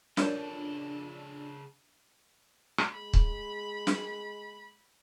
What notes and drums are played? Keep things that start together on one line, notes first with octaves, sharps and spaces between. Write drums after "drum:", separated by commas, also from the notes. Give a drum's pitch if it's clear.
C#3 F3 D4 A4 A#4 C#5 D5, drum: snare
drum: rim click
G#3 B5
drum: kick
drum: snare